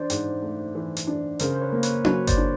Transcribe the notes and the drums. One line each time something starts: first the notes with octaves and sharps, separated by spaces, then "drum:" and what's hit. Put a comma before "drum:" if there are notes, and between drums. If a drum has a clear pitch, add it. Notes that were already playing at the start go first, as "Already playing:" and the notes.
Already playing: E3 D4 C5 D5
G#2, drum: hi-hat
A3
E3
drum: hi-hat
D4
C#3 A#4 C5, drum: hi-hat
C5
B4 C#5
A#3
B4 C#5, drum: hi-hat
F#3 B4 C#5, drum: tom C#4
C5 D5, drum: kick G1, hi-hat
D4